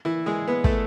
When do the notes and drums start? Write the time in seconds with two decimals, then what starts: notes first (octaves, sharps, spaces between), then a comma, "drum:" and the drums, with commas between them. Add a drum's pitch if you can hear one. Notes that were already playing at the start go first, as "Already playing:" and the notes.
0.05 E3 E4
0.26 G#3 G#4
0.48 B3 B4
0.64 A3 A4, drum: kick